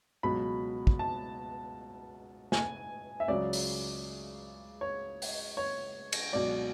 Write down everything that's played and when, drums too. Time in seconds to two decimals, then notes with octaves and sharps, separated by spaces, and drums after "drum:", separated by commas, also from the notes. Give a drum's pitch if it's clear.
0.23 C#2 B2 F#3 B5
0.87 drum: kick
0.99 A5
2.52 G#5, drum: snare
3.20 E5
3.28 C#2 C#3 F#3 D5
3.53 drum: open hi-hat
4.81 C#5
5.22 drum: open hi-hat
5.57 C#5
6.12 drum: cymbal
6.33 C#2 B2 F#3 D5